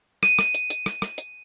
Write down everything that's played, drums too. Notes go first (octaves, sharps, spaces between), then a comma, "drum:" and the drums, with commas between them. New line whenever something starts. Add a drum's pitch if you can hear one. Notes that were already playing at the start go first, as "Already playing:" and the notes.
D#7, drum: rim click
drum: rim click
drum: hi-hat
drum: hi-hat
drum: rim click
drum: rim click
drum: hi-hat